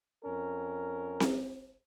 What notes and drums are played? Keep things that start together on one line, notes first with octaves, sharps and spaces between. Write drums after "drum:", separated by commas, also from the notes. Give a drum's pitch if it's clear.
F2 C#4 A#4
drum: snare C4